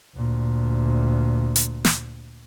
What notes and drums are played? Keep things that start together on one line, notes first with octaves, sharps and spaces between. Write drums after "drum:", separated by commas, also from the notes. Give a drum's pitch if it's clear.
D2 A#2
drum: hi-hat
drum: snare